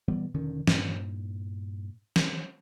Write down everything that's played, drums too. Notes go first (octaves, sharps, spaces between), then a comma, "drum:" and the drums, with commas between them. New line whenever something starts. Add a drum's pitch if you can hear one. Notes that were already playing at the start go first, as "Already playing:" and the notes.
A#2 E3 G3 B3
E1 D3 D#3 C#4
G2 A#2, drum: snare
drum: snare